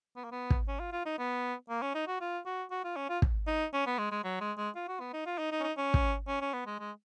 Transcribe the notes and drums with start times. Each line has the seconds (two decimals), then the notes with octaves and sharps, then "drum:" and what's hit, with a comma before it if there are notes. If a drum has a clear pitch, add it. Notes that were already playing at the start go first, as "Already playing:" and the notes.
0.16 B3
0.24 A#3
0.32 B3
0.50 drum: kick
0.68 C#4
0.80 F4
0.92 F4
1.05 D#4
1.18 B3
1.70 A#3
1.82 C#4
1.95 D#4
2.08 F#4
2.21 F4
2.46 F#4
2.71 F#4
2.84 F4
2.96 C#4
3.10 F4
3.22 drum: kick
3.47 D#4
3.73 C#4
3.86 B3
3.99 G#3
4.12 G#3
4.24 F#3
4.40 G#3
4.58 G#3
4.76 F4
4.88 F#4
5.00 B3
5.13 D#4
5.26 F4
5.38 D#4
5.52 D#4
5.60 C#4
5.64 D#4
5.77 C#4
5.94 drum: kick
6.28 C#4
6.41 C#4
6.53 B3
6.66 G#3
6.79 G#3